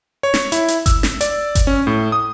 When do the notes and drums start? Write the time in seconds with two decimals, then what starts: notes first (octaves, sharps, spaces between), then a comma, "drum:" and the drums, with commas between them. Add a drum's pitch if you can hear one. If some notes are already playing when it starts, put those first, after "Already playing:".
0.23 C#5
0.34 drum: snare
0.52 E4, drum: hi-hat
0.68 drum: hi-hat
0.86 E6, drum: kick G1, hi-hat
1.03 drum: snare
1.21 D5, drum: hi-hat
1.55 drum: kick G1, hi-hat
1.67 C#4
1.87 A2
2.12 D#6